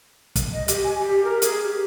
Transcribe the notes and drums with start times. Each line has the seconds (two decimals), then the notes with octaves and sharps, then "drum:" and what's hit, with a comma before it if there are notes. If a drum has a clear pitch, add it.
0.36 drum: kick, hi-hat
0.53 D#5
0.68 G4, drum: hi-hat
0.84 G#5
1.00 G4
1.25 A#4
1.42 G#4, drum: hi-hat
1.64 G4